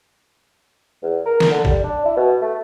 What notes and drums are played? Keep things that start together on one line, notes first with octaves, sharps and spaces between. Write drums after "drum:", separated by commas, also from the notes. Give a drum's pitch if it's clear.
E2
A#4
drum: snare
D3
G3, drum: kick
D4
E4
B2
A3